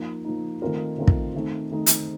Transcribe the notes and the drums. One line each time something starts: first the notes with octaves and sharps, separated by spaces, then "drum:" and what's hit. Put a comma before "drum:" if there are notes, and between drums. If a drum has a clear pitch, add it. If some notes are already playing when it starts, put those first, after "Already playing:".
Already playing: F3 A#3 D#4
F3 A#3 D#4
D#3 A3 C4 F4 A#4
D#3 A3 C4 F4 A#4
drum: kick
D#3 A3 C4 D#4
D#3 A3 C4 D#4
drum: hi-hat